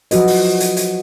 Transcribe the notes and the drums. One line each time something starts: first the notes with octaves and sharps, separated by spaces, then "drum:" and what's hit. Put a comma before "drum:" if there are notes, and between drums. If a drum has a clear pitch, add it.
F3 F#3 F#4 B4 D#5, drum: hi-hat
drum: open hi-hat
drum: hi-hat
drum: hi-hat